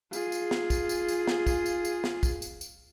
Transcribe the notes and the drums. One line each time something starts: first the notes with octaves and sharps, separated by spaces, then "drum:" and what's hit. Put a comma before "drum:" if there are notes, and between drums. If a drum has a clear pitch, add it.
F4 G#4, drum: tambourine
drum: tambourine
drum: snare
drum: kick, tambourine
drum: tambourine
drum: tambourine
drum: snare
drum: kick, tambourine
drum: tambourine
drum: tambourine
drum: snare
drum: kick, tambourine
drum: tambourine
drum: tambourine